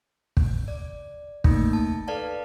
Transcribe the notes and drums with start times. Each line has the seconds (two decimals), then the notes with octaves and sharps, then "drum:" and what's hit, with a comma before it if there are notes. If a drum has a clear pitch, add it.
0.37 drum: kick
0.68 D5
1.44 A3 A#3 D#4, drum: kick
1.73 A5
2.08 A4 B4 D5 F5 A5